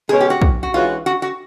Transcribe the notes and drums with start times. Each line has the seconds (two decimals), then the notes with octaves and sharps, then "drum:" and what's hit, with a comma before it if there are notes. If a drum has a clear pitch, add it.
0.09 B2 G#3 C#4 G#4
0.21 G4
0.30 F#4
0.42 drum: kick
0.63 F#4
0.74 E3 G#3 C#4 F4 F#4
1.06 F#4
1.22 F#4